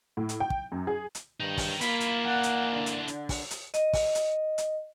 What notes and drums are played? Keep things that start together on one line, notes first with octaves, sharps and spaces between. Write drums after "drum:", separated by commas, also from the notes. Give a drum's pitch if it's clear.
A2
drum: hi-hat
G5
drum: kick
F#2
G#4
drum: hi-hat
G2 D#3 D#4
drum: kick, open hi-hat
A#3 E4 F4 B5, drum: hi-hat
drum: hi-hat
E3 D4 F#5
drum: hi-hat
D3
drum: hi-hat
drum: hi-hat
drum: kick, open hi-hat
drum: hi-hat
D#5, drum: hi-hat
drum: kick, open hi-hat
drum: hi-hat
drum: hi-hat